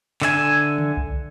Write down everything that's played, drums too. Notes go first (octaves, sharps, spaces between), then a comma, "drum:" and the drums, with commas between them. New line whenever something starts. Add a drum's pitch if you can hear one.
D3 E5 G#5, drum: clap
drum: tom D3
drum: kick B1